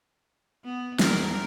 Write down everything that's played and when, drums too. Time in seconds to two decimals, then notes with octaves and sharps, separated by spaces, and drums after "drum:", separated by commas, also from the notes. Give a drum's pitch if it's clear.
0.64 B3
0.99 E2 G3 A#4, drum: snare